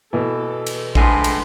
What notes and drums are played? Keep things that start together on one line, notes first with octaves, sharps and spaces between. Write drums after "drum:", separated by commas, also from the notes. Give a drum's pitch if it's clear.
B2 E3 A4
drum: cymbal
A2 F3 G#3 D4 A4 B4 G#5 C6, drum: kick A#1
drum: cymbal